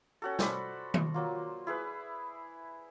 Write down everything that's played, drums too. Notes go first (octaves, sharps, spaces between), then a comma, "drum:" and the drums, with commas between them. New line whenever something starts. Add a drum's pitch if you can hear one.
C#4 F#4 A4
C5 D5 B5, drum: snare
drum: tom D#3
F#3 A#3 F4
E4 G#4 B4